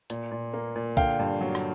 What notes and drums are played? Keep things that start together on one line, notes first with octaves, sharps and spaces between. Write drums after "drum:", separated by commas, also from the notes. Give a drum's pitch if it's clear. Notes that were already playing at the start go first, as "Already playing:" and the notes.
A#2, drum: hi-hat
A#2
A#3
A#2
D3 F5 G5, drum: kick, hi-hat
G2
F#3
drum: rim click